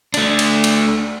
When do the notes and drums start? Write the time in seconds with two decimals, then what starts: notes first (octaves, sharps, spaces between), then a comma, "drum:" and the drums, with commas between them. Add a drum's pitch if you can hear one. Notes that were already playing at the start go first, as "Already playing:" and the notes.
0.14 A3 D4, drum: cymbal
0.39 drum: cymbal
0.64 drum: cymbal